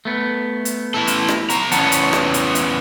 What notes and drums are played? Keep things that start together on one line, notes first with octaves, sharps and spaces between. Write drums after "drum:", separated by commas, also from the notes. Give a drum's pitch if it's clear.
A3 B3
drum: hi-hat
E3 E4 A4
drum: hi-hat
drum: rim click
B3 A#5, drum: hi-hat
E2 B3 C#4 F#5 A5, drum: hi-hat
drum: hi-hat
drum: rim click
drum: hi-hat
drum: hi-hat